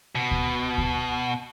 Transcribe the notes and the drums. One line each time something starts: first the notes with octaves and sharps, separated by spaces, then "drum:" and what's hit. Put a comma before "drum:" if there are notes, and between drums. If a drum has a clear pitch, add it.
B2
drum: kick D2
drum: kick D2